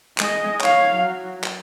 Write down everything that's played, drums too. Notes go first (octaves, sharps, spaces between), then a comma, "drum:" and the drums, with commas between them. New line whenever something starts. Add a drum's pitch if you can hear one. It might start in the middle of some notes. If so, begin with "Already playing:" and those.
G#3 D#5, drum: clap
C#5 F5, drum: clap
F#3
drum: clap